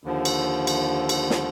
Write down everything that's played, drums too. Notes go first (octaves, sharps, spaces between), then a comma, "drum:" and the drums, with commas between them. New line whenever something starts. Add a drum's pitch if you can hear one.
D#2 D3 F3
drum: cymbal
drum: cymbal
drum: cymbal
drum: snare